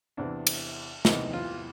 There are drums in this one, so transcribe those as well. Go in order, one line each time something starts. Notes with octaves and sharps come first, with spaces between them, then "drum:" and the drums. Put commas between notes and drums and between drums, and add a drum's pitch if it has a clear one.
E2 C3 E3 D4
drum: cymbal
E2 C3 E3 D#4, drum: snare
F4